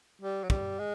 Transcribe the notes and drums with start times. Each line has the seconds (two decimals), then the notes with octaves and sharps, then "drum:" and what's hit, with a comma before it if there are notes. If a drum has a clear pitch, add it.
0.22 G3
0.44 F#3
0.50 G3, drum: kick
0.79 G#3